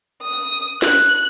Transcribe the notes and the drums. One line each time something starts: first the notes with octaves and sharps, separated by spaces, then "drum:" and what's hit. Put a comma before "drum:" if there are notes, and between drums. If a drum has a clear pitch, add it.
D#6
F#6, drum: snare
drum: hi-hat